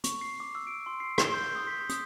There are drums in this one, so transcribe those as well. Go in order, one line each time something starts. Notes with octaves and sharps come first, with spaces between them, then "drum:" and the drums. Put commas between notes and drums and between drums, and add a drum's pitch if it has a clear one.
C#6, drum: hi-hat
C7
D6
E6
D7
C6
C7
G7, drum: rim click
G6
D#6
B6
D#6, drum: hi-hat